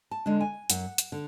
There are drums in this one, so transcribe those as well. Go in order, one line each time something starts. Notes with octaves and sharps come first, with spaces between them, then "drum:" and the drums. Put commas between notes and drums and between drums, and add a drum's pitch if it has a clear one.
A5
D3 G#3 D4
G#5
F#2 F#5, drum: hi-hat
drum: hi-hat
D3